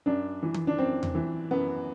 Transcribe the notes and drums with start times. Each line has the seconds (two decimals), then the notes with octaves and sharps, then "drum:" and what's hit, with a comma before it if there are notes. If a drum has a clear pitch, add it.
0.06 F#2 D4
0.43 E3
0.54 drum: tom D#3
0.67 D4
0.78 F#2 C4
1.03 drum: tom E2
1.15 E3
1.51 F#2 B3